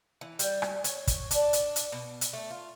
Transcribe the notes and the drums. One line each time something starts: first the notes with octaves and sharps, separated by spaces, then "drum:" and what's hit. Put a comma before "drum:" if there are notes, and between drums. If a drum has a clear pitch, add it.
E3
G3, drum: hi-hat
drum: rim click
C#5, drum: hi-hat
drum: kick, hi-hat
D4, drum: hi-hat
drum: hi-hat
drum: hi-hat
B2
drum: hi-hat
A3
F4